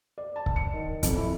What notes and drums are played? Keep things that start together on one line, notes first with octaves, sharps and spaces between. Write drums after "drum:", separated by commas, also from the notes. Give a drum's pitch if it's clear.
D5
A5
drum: kick C#1
C#7
D#3
F2, drum: kick C#1, hi-hat
E4